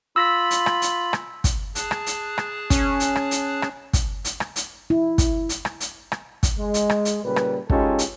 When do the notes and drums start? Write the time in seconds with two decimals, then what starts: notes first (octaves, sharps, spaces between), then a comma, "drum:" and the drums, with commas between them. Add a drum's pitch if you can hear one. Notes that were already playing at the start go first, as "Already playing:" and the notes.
0.16 F4 B5 E6 A#6 B6
0.51 drum: hi-hat
0.66 drum: rim click
0.82 drum: hi-hat
1.13 drum: rim click
1.44 drum: kick, hi-hat
1.75 G#4 A5 F#6, drum: hi-hat
1.91 drum: rim click
2.06 drum: hi-hat
2.38 drum: rim click
2.70 C#4, drum: kick, hi-hat
3.00 drum: hi-hat
3.16 drum: rim click
3.31 drum: hi-hat
3.62 drum: rim click
3.93 drum: kick, hi-hat
4.25 drum: hi-hat
4.40 drum: rim click
4.56 drum: hi-hat
4.90 E4
5.18 drum: kick, hi-hat
5.49 drum: hi-hat
5.65 drum: rim click
5.80 drum: hi-hat
6.12 drum: rim click
6.43 drum: kick, hi-hat
6.58 G#3
6.74 drum: hi-hat
6.90 drum: rim click
7.05 drum: hi-hat
7.25 A#2 C#3 G3 B4
7.36 drum: rim click
7.70 G#3 C#4 D#4 F4 G4 A4, drum: kick
7.99 drum: hi-hat